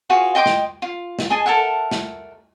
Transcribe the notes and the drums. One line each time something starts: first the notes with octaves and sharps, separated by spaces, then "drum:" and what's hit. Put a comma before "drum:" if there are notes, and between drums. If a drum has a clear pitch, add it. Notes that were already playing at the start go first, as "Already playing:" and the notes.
F4 F#4 G#4 B4
D#5 G5 C6 D6
drum: snare
F4
drum: snare
G#4 D#5 G#5 A5
A4 A#4 E5 F#5
drum: snare